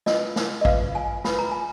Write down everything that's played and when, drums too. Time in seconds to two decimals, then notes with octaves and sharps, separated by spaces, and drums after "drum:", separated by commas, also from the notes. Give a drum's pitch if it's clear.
0.06 F4 B4 D#5, drum: snare
0.36 drum: snare
0.61 D#5
0.65 F4 B4 F5, drum: kick
0.95 G#5
1.24 F4 B4 B5, drum: snare
1.39 A#5
1.51 G#5